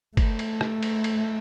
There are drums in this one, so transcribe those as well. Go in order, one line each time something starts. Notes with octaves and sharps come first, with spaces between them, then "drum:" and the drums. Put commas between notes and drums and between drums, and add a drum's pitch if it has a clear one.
A3, drum: kick, cymbal
drum: cymbal
drum: rim click
drum: cymbal
drum: cymbal